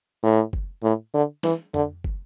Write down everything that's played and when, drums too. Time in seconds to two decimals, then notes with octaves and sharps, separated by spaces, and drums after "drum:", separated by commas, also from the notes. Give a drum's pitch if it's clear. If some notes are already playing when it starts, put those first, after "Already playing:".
0.23 A2
0.53 drum: kick
0.83 A2
1.14 D3
1.43 E3, drum: snare
1.74 D3, drum: tom F2
2.04 drum: kick